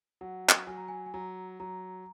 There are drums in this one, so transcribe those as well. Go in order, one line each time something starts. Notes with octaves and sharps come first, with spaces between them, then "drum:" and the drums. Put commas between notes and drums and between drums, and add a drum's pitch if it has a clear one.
F#3 F#5
drum: clap
F#3 G#5
A#5
G#5
G#5
F#3 A#5
F#3 A#5